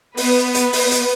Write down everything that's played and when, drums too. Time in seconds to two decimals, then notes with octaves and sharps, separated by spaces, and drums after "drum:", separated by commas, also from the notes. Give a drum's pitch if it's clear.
0.17 B3 B4, drum: open hi-hat
0.54 drum: hi-hat
0.73 drum: open hi-hat
0.91 drum: hi-hat